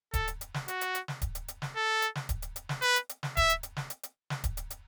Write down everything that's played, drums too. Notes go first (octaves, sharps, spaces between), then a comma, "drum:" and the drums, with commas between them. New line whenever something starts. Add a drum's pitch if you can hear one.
A4, drum: kick D1, hi-hat
drum: hi-hat
drum: hi-hat
drum: snare
F#4, drum: hi-hat
drum: hi-hat
drum: hi-hat
drum: snare
drum: kick D1, hi-hat
drum: hi-hat
drum: hi-hat
drum: snare
A4
drum: hi-hat
drum: snare
drum: kick D1, hi-hat
drum: hi-hat
drum: hi-hat
drum: snare
B4, drum: hi-hat
drum: hi-hat
drum: hi-hat
drum: snare
E5, drum: kick D1, hi-hat
drum: hi-hat
drum: hi-hat
drum: snare
drum: hi-hat
drum: hi-hat
drum: snare
drum: kick D1, hi-hat
drum: hi-hat
drum: hi-hat